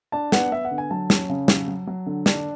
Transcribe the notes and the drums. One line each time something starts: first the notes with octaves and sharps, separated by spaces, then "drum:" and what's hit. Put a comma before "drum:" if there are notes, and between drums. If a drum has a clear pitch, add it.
D4 A5
B3 F#5, drum: snare
B3 E5
F#5
D3
G#5
F#3 A5
C#4, drum: snare
C#3
F#3, drum: snare
F#3
F#3
D3
D4, drum: snare